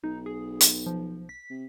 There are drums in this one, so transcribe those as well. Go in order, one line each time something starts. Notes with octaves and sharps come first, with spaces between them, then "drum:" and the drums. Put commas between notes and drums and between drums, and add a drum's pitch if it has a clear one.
B1 D#4
G#4
drum: hi-hat
F3
B6
C3